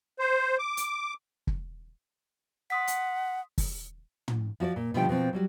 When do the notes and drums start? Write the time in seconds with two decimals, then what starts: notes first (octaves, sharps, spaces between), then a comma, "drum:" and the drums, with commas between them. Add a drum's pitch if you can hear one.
0.19 C5
0.59 D6
0.77 drum: hi-hat
1.47 drum: kick
2.70 F#5 C6 D#6 B6
2.87 drum: hi-hat
3.58 drum: kick, open hi-hat
4.28 drum: tom
4.60 F3 F#4 C#5 D5
4.76 A#2
4.94 B2 D3 D#3 F3 G3 G5
5.09 B2 F3 C4
5.33 F#3 G3 F#4